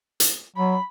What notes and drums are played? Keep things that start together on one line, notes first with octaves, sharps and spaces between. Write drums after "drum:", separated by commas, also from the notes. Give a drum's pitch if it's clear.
drum: hi-hat
F#3 B5